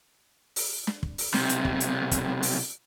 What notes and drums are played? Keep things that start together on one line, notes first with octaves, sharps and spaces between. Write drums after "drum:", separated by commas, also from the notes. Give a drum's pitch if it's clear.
drum: open hi-hat
drum: snare
drum: kick
drum: open hi-hat
B1 C3, drum: snare
drum: hi-hat
drum: kick
drum: hi-hat
drum: kick, hi-hat
drum: open hi-hat